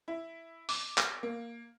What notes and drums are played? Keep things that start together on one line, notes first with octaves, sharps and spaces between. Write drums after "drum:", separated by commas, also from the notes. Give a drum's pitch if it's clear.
E4
D6, drum: open hi-hat
drum: clap
A#3